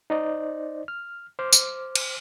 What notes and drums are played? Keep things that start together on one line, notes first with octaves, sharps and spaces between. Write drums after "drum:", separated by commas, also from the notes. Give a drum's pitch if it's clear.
D#4 C5 D5 D#5
F6
C5 D6 F6
drum: tambourine
drum: cymbal